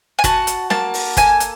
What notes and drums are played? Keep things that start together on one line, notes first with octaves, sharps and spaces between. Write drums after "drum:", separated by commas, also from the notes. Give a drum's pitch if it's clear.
G#5
F#4 A5, drum: kick, hi-hat
drum: hi-hat
A#3 A5, drum: snare
drum: open hi-hat
A4 G#5, drum: kick, hi-hat
drum: hi-hat